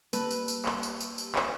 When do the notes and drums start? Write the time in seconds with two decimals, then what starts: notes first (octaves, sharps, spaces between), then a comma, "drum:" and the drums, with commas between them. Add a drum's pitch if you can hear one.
0.13 G3 A#3 B4 A5 E6, drum: tambourine
0.31 drum: tambourine
0.48 drum: tambourine
0.66 drum: clap
0.83 drum: tambourine
1.00 drum: tambourine
1.18 drum: tambourine
1.35 drum: clap